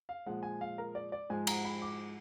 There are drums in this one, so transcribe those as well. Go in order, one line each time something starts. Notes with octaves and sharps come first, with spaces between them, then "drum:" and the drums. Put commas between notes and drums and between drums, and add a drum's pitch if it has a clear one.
F5
A#2 F3 G#3 F#5
G#5
F5
A#4
D5
D5
G#2 F3 G#3 G#5
A#5, drum: cymbal
B5
D6